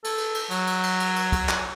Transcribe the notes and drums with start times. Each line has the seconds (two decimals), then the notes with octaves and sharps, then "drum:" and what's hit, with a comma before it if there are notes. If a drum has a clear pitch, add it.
0.04 A4, drum: cymbal
0.18 drum: cymbal
0.34 drum: cymbal
0.51 F#3, drum: cymbal
0.67 drum: cymbal
0.83 drum: cymbal
1.00 drum: cymbal
1.16 drum: cymbal
1.32 drum: kick, cymbal
1.49 drum: clap